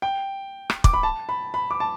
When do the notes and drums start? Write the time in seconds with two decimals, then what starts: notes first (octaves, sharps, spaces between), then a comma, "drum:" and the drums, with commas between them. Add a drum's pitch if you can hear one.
0.02 G5
0.70 drum: rim click
0.84 D6, drum: kick
0.94 B5
1.03 A5
1.29 B5
1.54 B5
1.71 D6
1.80 A5